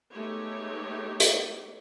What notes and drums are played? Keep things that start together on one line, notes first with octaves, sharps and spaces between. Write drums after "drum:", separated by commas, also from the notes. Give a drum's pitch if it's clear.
G#3 A3 B3 D#4 G4 C#5
drum: hi-hat